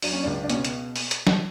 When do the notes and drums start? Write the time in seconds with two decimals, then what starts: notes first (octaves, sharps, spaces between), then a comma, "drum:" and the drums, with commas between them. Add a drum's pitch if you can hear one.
0.02 F#3 D4, drum: open hi-hat
0.12 C#4
0.23 D4
0.26 C#2
0.43 D4
0.49 B2 C#4, drum: hi-hat
0.65 drum: hi-hat
0.96 drum: open hi-hat
1.11 drum: hi-hat
1.27 drum: snare